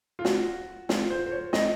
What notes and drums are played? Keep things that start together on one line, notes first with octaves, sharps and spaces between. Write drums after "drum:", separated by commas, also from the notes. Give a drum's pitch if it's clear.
F4
F#4, drum: snare
F4, drum: snare
C5
C5
C#5
D#5, drum: snare